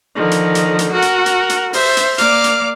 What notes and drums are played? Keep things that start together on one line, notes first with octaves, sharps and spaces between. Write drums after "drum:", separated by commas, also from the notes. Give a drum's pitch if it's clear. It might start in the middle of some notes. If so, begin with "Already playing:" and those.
D3 D#3 F3
drum: hi-hat
drum: hi-hat
drum: hi-hat
F#4 A#4 F#5
drum: hi-hat
drum: hi-hat
drum: hi-hat
C5 E5, drum: open hi-hat
drum: hi-hat
A#3 D5 F5 D6 F6, drum: hi-hat
drum: hi-hat